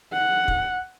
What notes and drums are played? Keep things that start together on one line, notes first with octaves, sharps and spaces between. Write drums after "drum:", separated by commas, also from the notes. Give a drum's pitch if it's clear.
F#5
drum: kick